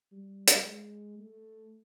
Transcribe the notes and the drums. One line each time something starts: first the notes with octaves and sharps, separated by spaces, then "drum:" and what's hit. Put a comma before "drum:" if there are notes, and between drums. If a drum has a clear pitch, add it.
G3
drum: hi-hat
G#3
A3